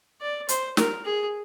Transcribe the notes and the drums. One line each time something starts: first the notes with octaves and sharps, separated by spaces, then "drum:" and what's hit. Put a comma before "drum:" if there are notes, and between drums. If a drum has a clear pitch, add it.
D5
C5, drum: hi-hat
A#4, drum: snare
G#4